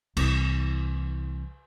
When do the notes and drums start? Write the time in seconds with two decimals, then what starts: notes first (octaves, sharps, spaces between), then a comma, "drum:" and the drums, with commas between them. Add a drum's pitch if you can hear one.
0.17 C2 E3, drum: cymbal